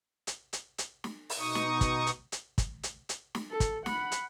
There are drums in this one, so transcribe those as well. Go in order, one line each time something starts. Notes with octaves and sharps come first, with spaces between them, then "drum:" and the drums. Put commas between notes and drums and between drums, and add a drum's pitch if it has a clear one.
drum: hi-hat
drum: hi-hat
drum: hi-hat
drum: snare
drum: open hi-hat
B2 D#4 C#6 D#6
drum: snare
drum: kick, hi-hat
drum: hi-hat
drum: hi-hat
drum: kick, hi-hat
drum: hi-hat
drum: hi-hat
drum: snare
A4
drum: kick, hi-hat
F#5 B5, drum: snare
drum: hi-hat